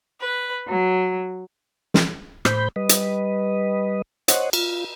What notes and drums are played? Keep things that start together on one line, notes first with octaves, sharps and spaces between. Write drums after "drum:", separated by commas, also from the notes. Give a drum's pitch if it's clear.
B4
F#3
drum: snare
A2 C5 B5 G6, drum: rim click
G3 B4 D#5
drum: hi-hat
C5 C#5 D#5 F#5, drum: hi-hat
F4, drum: cymbal